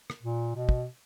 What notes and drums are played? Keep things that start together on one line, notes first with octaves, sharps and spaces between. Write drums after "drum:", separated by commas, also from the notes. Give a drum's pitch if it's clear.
drum: rim click
A#2
B2
drum: kick